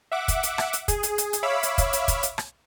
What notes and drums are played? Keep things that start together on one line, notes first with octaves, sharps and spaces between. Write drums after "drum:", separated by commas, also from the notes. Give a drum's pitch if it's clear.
E5 F#5 D6
drum: kick, hi-hat
drum: hi-hat
drum: rim click
drum: hi-hat
G#4, drum: kick, hi-hat
drum: hi-hat
drum: hi-hat
drum: hi-hat
C#5 E5 F5 B5 D6 E6
drum: hi-hat
drum: kick, hi-hat
drum: hi-hat
drum: kick, hi-hat
drum: hi-hat
drum: rim click